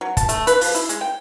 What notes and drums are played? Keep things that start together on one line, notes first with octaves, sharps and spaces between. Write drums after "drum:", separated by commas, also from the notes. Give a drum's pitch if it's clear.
F#3
A5, drum: kick, hi-hat
A3, drum: hi-hat
B4, drum: hi-hat
F3, drum: open hi-hat
E4, drum: hi-hat
G#3, drum: hi-hat
G5